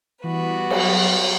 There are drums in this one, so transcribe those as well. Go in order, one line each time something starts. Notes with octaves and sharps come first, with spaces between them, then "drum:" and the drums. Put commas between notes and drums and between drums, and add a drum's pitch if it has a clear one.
E3 G3 B3 F#4 B4
F#3, drum: cymbal